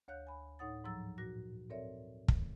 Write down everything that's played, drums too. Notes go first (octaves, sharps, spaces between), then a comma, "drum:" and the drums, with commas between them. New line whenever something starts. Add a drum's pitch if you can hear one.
D2 C#5 F5 F#6 G6
G#5 B5
A2 D#4 C#5 F#5 D#6 A6
G#2 F3 F#3 A#5 E6 A6
A#2 F#4 A#6
C4 A4 A#4 C#5 D5 E5
drum: kick